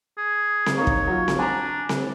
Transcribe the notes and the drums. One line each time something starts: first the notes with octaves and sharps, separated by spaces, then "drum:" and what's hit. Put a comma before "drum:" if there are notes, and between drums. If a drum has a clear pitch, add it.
G#4
drum: snare C4
A#3 D#4 C#5
drum: kick
F#3 F4
drum: snare C4
D4 G#5 A#5
drum: snare C4